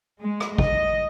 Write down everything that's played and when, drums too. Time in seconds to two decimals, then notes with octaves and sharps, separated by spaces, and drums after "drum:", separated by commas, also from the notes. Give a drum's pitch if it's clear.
0.22 G#3
0.40 drum: rim click
0.58 D#5, drum: kick